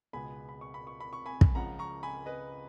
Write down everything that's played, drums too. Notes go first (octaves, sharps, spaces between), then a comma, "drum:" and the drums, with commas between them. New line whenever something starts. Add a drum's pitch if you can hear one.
C#2 B2 G#3 B3 G#5 B5
B5
C#6
B5
C#6
B5
C#6
G#5 B5
drum: kick
C#2 C#3 F3 F#5 A#5
A#5 C#6
G#5 B5
B4 D#5